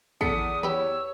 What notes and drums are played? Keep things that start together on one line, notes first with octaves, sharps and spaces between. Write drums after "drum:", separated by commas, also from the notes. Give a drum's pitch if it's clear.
E2 A4 D#6 B6 C#7, drum: kick
G4 B4 C#5 E6, drum: tom D#3